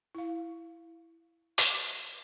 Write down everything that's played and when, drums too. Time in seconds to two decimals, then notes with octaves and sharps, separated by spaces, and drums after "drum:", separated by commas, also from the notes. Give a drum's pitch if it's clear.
0.15 E4 F5
1.58 drum: hi-hat